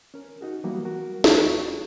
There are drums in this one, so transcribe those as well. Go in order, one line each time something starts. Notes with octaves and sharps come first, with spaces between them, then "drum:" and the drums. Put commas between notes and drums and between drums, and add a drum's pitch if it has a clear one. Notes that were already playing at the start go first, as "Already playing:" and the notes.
C#4 A#4
D#4 F#4 G#4
E3 F#3 G3 A#3 B3 F#4
F#4 A#4
E2 F#4 C#6, drum: snare